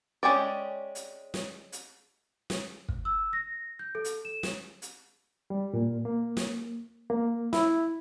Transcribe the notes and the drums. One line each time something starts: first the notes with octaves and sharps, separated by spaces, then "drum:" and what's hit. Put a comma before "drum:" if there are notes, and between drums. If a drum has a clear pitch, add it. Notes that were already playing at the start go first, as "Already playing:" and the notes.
G#3 C#4 G4 C#5 D5
drum: hi-hat
drum: snare
drum: hi-hat
drum: snare
drum: kick
E6
A#6
G6
A4
drum: hi-hat
E7
drum: snare
drum: hi-hat
G3
A#2
A#3
drum: snare
A#3
E4, drum: snare